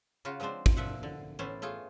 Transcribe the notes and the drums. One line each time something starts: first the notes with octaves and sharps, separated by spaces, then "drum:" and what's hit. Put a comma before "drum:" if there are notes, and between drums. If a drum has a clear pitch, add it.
C#3 F4 F#4
F3 G#3 C4 D4 C5
drum: kick
A#2 F3 E5 F#5
D3
A2 E3 B3 C#4 C5 A5
A3 F4 G#4